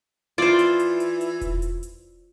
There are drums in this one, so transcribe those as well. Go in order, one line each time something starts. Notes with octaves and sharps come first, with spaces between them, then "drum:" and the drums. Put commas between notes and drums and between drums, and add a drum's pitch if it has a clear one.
E3 F4 C5 D5
drum: hi-hat
drum: hi-hat
drum: hi-hat
drum: hi-hat
drum: kick E1, hi-hat
drum: hi-hat
drum: hi-hat